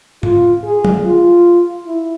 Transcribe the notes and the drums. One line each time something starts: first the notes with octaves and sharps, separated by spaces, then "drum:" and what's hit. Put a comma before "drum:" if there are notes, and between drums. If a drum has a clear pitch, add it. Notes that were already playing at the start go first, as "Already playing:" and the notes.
F4, drum: tom
G#4
drum: tom
F4
E4